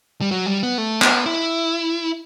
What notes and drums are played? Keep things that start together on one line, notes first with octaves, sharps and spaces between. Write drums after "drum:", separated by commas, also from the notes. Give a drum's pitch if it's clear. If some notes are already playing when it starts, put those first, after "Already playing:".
G3
F#3
G3
B3
A3
B3, drum: clap
E4